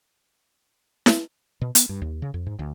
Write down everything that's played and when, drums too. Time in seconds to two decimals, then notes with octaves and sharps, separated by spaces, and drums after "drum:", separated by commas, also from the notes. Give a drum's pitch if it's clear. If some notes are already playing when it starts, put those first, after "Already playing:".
1.06 drum: snare E4
1.61 B2
1.75 B3, drum: hi-hat
1.89 G2
2.02 D#2
2.22 C#3
2.34 F2
2.46 G#2
2.59 D2